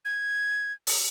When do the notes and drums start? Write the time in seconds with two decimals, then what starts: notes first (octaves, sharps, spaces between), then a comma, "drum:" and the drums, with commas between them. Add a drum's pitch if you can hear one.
0.05 G#6
0.87 drum: open hi-hat